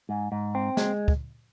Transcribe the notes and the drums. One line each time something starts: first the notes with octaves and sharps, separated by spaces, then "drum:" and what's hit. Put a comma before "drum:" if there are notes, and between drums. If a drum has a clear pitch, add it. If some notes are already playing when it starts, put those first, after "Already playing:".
G#2
G#2
C4
G#3, drum: snare
drum: kick